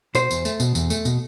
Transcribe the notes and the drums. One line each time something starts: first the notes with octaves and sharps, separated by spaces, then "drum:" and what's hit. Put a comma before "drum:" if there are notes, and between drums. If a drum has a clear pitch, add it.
B2 C5, drum: tambourine
E2, drum: tambourine
A3, drum: tambourine
B2, drum: tambourine
E2, drum: tambourine
A3, drum: tambourine
B2, drum: tambourine